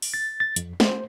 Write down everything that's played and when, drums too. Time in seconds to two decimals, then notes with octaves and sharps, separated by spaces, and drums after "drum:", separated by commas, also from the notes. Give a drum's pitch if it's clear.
0.02 drum: open hi-hat
0.14 A6
0.40 A6
0.56 F2, drum: hi-hat
0.80 C5, drum: snare